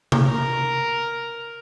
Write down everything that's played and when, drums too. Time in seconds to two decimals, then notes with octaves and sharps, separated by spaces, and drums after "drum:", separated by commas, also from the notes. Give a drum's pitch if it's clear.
0.12 drum: tom C3
0.25 A#4